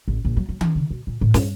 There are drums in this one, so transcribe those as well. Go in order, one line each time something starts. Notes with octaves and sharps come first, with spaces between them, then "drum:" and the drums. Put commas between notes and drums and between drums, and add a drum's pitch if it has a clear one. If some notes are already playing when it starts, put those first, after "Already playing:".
A1
A#1
F#3
F#3
C#4, drum: tom D#3
C#3
B2
A#2
A2
G2, drum: snare